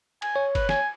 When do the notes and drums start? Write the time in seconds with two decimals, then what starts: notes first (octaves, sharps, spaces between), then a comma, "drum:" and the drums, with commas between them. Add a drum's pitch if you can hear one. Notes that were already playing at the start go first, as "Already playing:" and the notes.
0.22 G#5, drum: cymbal
0.36 C#5
0.55 B4, drum: kick F#1, cymbal
0.69 G#5, drum: snare